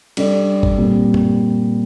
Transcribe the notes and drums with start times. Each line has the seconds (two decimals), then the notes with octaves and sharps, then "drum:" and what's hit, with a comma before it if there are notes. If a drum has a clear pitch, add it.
0.17 G3 D4 A4 D5, drum: cymbal
0.63 drum: kick
0.78 A#2 G3 C4 G4
1.14 drum: tom F#2